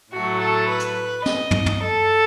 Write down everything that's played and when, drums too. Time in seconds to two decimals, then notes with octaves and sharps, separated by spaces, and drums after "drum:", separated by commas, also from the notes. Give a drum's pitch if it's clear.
0.12 A2 F#3 A3 F#4
0.41 A4
0.69 B4
0.80 drum: hi-hat
1.26 D#5, drum: snare
1.51 drum: tom
1.66 drum: tom
1.82 A4